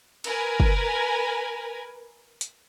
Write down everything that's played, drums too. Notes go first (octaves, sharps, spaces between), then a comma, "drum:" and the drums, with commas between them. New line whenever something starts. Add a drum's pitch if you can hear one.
A#4 B4 G#5, drum: cymbal
drum: kick
drum: hi-hat